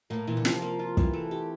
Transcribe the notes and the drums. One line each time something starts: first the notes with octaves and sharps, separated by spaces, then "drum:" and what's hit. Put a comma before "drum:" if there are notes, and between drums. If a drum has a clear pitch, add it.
A2 A#3
A#2 E3
D3
C3 F3, drum: snare
A#3
F4
E3, drum: kick
A3
G4